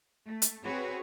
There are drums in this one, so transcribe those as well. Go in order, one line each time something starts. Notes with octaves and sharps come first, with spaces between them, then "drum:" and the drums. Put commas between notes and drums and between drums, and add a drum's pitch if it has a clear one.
A3
drum: hi-hat
C4 F#4 G#4 B4 C#5